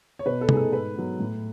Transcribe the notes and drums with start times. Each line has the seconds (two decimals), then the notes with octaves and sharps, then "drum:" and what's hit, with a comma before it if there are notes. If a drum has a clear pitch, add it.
0.19 C#5
0.26 B2 B4
0.41 A4
0.49 A3 D#4 G#4, drum: tom C3
0.57 A4
0.73 G#2 B4
0.95 F#3 B3
1.19 A2